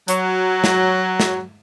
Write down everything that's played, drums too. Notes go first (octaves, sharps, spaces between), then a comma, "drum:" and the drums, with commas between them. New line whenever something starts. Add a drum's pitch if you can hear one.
F#3, drum: hi-hat
drum: snare
drum: snare